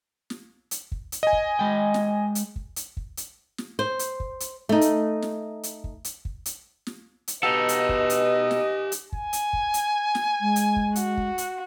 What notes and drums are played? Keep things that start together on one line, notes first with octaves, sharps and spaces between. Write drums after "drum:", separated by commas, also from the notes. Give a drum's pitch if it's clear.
drum: snare
drum: hi-hat
drum: kick
drum: hi-hat
D#5 G#5
drum: kick
G#3 G5
drum: snare
drum: hi-hat
drum: kick
drum: hi-hat
drum: kick
drum: hi-hat
drum: snare
C5
drum: hi-hat
drum: kick
drum: hi-hat
A3 D#4
drum: hi-hat
drum: snare
drum: hi-hat
drum: kick
drum: hi-hat
drum: kick
drum: hi-hat
drum: snare
drum: hi-hat
B2 D#4 G4 A4 B4 D#5 F#5
drum: hi-hat
drum: kick
drum: hi-hat
drum: snare
drum: hi-hat
G#5, drum: kick
drum: hi-hat
drum: kick
drum: hi-hat
drum: snare
G#3
drum: hi-hat
drum: kick
F#4, drum: hi-hat
drum: kick
drum: hi-hat